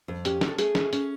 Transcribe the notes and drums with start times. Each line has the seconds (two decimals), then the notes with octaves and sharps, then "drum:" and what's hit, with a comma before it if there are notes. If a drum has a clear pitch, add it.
0.08 F2
0.25 C#4 G4, drum: hi-hat
0.41 C#4, drum: snare
0.48 A4
0.58 A3 G#4, drum: hi-hat
0.75 C#4, drum: snare
0.93 C#4, drum: hi-hat